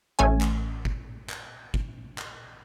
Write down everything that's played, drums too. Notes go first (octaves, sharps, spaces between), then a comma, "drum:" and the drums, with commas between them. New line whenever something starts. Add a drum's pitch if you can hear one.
A1 A3 C#4 G#5
drum: clap
drum: kick
drum: clap
drum: kick
drum: clap